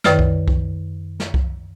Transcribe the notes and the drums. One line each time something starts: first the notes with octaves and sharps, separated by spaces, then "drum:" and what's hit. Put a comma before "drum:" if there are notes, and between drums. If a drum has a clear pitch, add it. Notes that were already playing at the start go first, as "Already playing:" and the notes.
F#2 D#3 B4 D5 F6, drum: snare
drum: kick C2
drum: kick C2
drum: snare
drum: kick C2